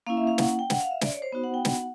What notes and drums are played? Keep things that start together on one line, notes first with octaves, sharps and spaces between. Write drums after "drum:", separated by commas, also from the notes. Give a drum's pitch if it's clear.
A#3 C#4 E4 F5
E5
F5
F#5, drum: snare
G5
F#5, drum: snare
F5
E5
D5, drum: snare
C#5
C5
B3 D#4 F#4 C5
F#5
G5
F#5, drum: snare